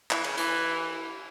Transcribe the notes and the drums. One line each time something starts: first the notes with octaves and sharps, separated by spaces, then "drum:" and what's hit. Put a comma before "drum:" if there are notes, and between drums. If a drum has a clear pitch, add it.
E3, drum: clap
C#3, drum: cymbal
E3, drum: hi-hat